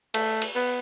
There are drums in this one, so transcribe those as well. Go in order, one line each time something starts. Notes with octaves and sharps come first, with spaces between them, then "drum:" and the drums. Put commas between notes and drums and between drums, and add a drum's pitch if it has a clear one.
A3, drum: cymbal
drum: cymbal
B3